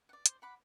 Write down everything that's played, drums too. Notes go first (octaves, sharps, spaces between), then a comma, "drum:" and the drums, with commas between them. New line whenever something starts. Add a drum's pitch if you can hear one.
F#5
D5
C5, drum: hi-hat
F#5 B5 D6